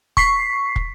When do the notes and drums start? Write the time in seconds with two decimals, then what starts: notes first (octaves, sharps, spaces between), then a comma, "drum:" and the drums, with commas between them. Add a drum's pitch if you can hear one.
0.17 C#6 B6 C7, drum: kick
0.76 drum: kick